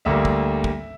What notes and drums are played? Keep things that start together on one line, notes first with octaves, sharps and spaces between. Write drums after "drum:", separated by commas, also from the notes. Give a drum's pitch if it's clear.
D2 D3 G3 A#3 E5
drum: kick
drum: kick